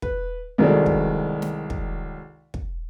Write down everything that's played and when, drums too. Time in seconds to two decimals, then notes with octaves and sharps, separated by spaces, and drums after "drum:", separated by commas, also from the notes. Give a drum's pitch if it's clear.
0.02 B4, drum: kick
0.58 C2 D#3 F#3 G#3 A4 D5
0.86 drum: kick
1.42 drum: snare
1.70 drum: kick
2.54 drum: kick